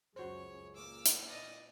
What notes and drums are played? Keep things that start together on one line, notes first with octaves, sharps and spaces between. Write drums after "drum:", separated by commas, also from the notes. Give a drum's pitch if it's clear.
C#2 F#2 F#4 G#4 C5 C#5
A#2 D6 E6 F6
drum: hi-hat
D5 D#5